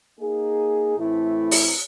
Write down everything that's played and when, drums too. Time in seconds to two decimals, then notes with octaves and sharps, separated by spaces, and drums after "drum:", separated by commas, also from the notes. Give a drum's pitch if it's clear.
0.19 A#3 D#4 G#4
0.97 A2 E3 A3 C4 E4
1.51 drum: open hi-hat